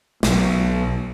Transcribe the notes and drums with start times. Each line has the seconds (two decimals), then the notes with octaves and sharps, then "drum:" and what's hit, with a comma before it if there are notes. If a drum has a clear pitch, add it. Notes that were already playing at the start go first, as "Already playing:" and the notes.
0.23 B1, drum: snare